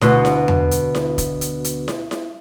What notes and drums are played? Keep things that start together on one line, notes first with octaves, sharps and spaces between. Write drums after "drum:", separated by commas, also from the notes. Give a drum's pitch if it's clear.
D2 B2, drum: snare E4
drum: snare E4
drum: tom E2
drum: hi-hat
drum: snare E4
drum: kick, hi-hat
drum: hi-hat
drum: hi-hat
drum: snare E4
drum: snare E4